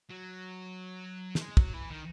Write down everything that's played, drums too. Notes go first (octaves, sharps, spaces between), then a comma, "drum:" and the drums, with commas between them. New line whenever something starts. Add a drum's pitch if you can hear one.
F#3
A3, drum: snare
G#3
F#3, drum: kick
E3
D#3